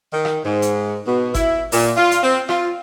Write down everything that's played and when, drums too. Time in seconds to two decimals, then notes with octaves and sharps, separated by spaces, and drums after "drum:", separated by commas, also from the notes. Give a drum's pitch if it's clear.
0.12 D#3
0.25 drum: rim click
0.44 G#2
0.62 drum: hi-hat
1.06 B2
1.35 E4, drum: kick G1, hi-hat
1.72 A#2, drum: open hi-hat
1.97 F4
2.11 drum: hi-hat
2.22 C4
2.49 F4, drum: rim click